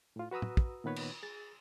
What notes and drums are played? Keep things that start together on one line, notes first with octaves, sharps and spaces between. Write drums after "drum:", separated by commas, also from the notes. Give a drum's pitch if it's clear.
A2 F4
F#4 B4 A#5 D#6 E6
drum: tom
drum: kick
A#2 D#3 B3 B4 C#5
drum: cymbal
G#4 A6